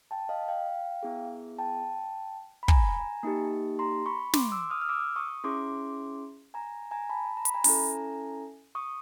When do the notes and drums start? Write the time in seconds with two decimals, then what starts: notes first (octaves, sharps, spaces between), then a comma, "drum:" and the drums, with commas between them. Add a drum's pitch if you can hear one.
0.11 G5 A5
0.29 D#5 F5
0.48 F5 G5
1.03 B3 E4 G#4
1.59 G5 A5
2.63 B5
2.68 G#5 A#5, drum: kick
3.23 A#3 D#4 G4
3.79 A#5 C6
4.06 B5 C#6
4.34 C6 D6, drum: snare
4.52 D6 E6
4.70 D#6 F6
4.82 F6
4.89 D6 E6
5.16 C#6 D#6
5.44 C#4 E4 G#4 C6 D6
6.54 G#5 A#5
6.91 G#5 A#5
7.09 A5 B5
7.37 A#5
7.45 B5, drum: hi-hat
7.54 G#5 A#5
7.64 C#4 E4 A4 G#5 A#5, drum: open hi-hat
8.75 C#6 D#6